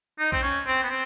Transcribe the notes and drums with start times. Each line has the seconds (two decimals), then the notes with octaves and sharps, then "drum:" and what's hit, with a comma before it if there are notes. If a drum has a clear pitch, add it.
0.19 D#4
0.32 C4, drum: kick A#1
0.43 C#4
0.66 C4
0.83 B3
0.90 C4